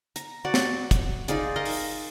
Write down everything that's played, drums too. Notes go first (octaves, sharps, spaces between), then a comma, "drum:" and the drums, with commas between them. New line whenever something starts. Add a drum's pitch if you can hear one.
A#5, drum: hi-hat
F#4 D5
drum: snare
drum: kick, hi-hat
D#4 F4 G#4 D5, drum: hi-hat
A#4 D#5 F5 A#5
drum: open hi-hat